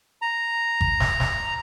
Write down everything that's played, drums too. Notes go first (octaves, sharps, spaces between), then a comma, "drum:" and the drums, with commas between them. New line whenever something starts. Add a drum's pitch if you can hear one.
A#5
drum: kick G#1
drum: snare
drum: snare